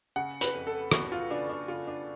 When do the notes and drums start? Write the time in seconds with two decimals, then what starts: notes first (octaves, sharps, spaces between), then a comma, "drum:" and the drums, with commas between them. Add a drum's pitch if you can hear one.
0.16 C#3 F#5
0.41 B4, drum: hi-hat
0.54 F2
0.67 A4
0.92 F2 F#4, drum: rim click
1.12 F4
1.30 C#3 D4
1.49 D4
1.68 C#3 F4
1.87 D4